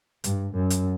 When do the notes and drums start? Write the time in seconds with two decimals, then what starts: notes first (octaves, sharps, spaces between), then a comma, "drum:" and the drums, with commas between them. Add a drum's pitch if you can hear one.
0.24 G2, drum: hi-hat
0.54 F#2
0.70 drum: hi-hat